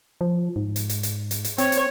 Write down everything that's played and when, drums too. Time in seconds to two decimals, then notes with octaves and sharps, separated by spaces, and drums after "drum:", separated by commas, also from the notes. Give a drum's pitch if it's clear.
0.21 F3
0.56 G#2
0.76 drum: hi-hat
0.89 drum: hi-hat
1.03 drum: hi-hat
1.31 drum: hi-hat
1.45 drum: hi-hat
1.58 C4 C#5, drum: hi-hat
1.72 drum: hi-hat